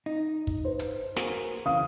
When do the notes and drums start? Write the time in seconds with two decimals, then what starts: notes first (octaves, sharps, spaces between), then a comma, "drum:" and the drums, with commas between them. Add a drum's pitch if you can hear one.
0.06 D#4
0.47 drum: kick
0.65 B4 C5
0.79 drum: hi-hat
1.16 A#3 F#4 G#4, drum: snare
1.66 C#3 E3 F5 D#6